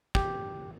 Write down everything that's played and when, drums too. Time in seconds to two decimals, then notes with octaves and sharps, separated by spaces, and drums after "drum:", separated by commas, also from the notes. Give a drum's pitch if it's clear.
0.15 G4, drum: kick